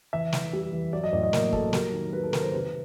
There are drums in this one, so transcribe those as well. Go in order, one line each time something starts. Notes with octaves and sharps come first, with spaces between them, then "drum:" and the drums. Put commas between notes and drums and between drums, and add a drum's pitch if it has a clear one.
E3 E5
E3, drum: snare
G3
E3
F#3 D5
D#5
A2 D5
D#5
A#3 A#4, drum: snare
F#3 A4, drum: kick
G3 A#4, drum: snare
D#3
G3 B4
A4
D#3 A#4, drum: snare
C5
C3 B4